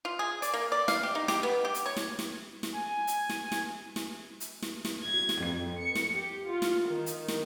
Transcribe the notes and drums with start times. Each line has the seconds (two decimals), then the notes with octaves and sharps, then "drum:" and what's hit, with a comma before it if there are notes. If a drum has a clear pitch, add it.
0.05 F4
0.19 G#4
0.42 D5, drum: hi-hat
0.54 A#3
0.72 D5
0.88 F5, drum: snare
1.03 G4
1.15 D#4
1.28 G4, drum: snare
1.43 B3
1.65 G4
1.74 drum: hi-hat
1.86 C#5
1.97 drum: snare
2.19 drum: snare
2.63 drum: snare
2.75 G#5
3.07 drum: hi-hat
3.29 drum: snare
3.52 drum: snare
3.96 drum: snare
4.40 drum: hi-hat
4.62 drum: snare
4.85 drum: snare
5.02 G#6
5.29 drum: snare
5.43 F2
5.80 C#7
5.95 drum: snare
6.15 G4
6.45 F4
6.62 drum: snare
6.87 D#3
7.06 drum: hi-hat
7.28 drum: snare